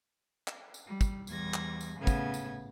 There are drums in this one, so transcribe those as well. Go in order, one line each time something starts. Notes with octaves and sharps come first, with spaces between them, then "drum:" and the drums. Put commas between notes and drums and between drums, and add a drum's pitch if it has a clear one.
drum: clap
drum: tambourine
G3
drum: kick, tambourine
E2 G3 G#6 A#6, drum: tambourine
drum: clap
drum: tambourine
A2 C#3 B3 G#6
drum: kick, tambourine
drum: tambourine